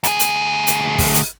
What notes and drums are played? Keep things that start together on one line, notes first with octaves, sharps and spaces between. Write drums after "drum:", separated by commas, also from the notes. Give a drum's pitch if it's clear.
D2 G#4, drum: hi-hat
drum: hi-hat
drum: hi-hat
drum: kick, open hi-hat
drum: hi-hat